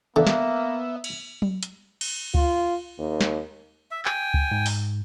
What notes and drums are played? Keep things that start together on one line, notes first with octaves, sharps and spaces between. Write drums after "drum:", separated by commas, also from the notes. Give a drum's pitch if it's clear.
D3 A#3 B3 E5
drum: snare
drum: cymbal
drum: tom F#3
drum: hi-hat
drum: cymbal
F4, drum: kick C#2
D#2
drum: snare
E5
G5 G#5, drum: clap
drum: kick C#2
G#2
drum: open hi-hat